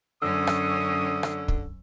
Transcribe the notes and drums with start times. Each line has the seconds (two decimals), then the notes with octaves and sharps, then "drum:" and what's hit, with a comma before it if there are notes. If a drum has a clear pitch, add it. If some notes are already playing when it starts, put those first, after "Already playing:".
0.22 F#2 D3 C#4 D#6 E6
0.47 drum: rim click
1.23 drum: rim click
1.48 drum: kick